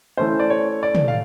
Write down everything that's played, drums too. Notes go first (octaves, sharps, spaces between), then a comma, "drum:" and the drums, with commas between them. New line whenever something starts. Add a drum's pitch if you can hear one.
E3 A3 C#4 C5
D5
C#5
D5
drum: tom
F5